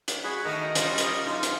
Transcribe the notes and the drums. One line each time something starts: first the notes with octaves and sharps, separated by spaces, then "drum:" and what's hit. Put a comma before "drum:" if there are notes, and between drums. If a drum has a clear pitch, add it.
drum: hi-hat
F#4 G#4 B5
D#3 A3 F#4 A#4 D#5
G3 C#4 F4, drum: hi-hat
drum: hi-hat
F#2 D#4 F4
drum: hi-hat